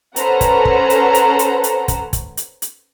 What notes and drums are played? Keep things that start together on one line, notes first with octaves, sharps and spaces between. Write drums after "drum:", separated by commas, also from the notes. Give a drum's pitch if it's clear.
C#4 A4 B4 C5 F#5 A#5, drum: hi-hat
drum: kick, hi-hat
drum: kick
drum: hi-hat
drum: hi-hat
drum: hi-hat
drum: hi-hat
drum: kick, hi-hat
drum: kick, hi-hat
drum: hi-hat
drum: hi-hat